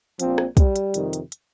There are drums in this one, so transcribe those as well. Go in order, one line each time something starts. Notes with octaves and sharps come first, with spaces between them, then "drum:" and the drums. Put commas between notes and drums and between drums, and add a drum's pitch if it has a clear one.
A#1 A#2 F3 C4, drum: hi-hat
drum: rim click
G3, drum: kick, hi-hat
drum: hi-hat
F2 C3 D#3, drum: hi-hat
drum: hi-hat
drum: hi-hat